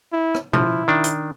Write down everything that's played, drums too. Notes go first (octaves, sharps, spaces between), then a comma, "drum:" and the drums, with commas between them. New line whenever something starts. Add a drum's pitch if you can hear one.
E4
drum: rim click
F3 E4, drum: tom B2
D#3 D4
drum: hi-hat